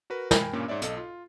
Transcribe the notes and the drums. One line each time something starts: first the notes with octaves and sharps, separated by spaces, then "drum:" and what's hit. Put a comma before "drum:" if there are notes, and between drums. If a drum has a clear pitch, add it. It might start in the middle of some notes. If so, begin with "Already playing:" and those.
F#4 A#4 B4
A#4 G5 G#5 B5, drum: snare
G2 A#2 A#3 C#4
G#2 C#5 D5 E5
B1 A4 D#5, drum: hi-hat
F4